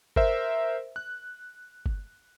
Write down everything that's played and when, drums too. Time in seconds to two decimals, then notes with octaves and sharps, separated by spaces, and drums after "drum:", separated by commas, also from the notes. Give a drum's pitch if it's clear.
0.16 A#4 C5 E5, drum: kick G1
0.96 F#6
1.86 drum: kick G1